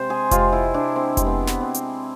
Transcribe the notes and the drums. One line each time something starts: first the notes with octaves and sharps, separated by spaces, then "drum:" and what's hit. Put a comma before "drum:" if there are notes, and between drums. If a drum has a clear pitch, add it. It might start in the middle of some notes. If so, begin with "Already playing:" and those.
Already playing: C3 G#3 C5
G#4
C3 G#3 F4, drum: kick F1, hi-hat
E4
D4
C4
C3 G#3 C4, drum: kick F1, hi-hat
B3
B3, drum: snare
C4
drum: hi-hat